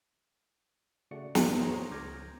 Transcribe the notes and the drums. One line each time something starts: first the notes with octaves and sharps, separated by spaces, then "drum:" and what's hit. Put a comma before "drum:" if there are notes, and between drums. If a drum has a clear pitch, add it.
C#3 A3 F#4 D5 C#7
G1 D2 A3 B6, drum: snare
C5 C#5 A#5 C6 C#6 D#6
C#2 D6 F6 G6 G#6 A#6